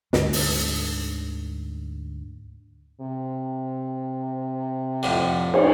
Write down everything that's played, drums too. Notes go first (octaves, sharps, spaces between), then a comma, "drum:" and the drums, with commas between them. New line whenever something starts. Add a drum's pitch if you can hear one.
D2 G#2 D3, drum: snare
drum: open hi-hat
C3
F2 A2 D3
drum: cymbal